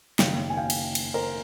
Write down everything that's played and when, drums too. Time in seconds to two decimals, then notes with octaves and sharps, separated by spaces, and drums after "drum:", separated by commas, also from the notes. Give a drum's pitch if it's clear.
0.19 F#1 F#2 D#3 F5 G5, drum: snare
0.50 G#5
0.57 F5 G5
0.70 drum: cymbal
0.95 drum: cymbal
1.14 A#4 C5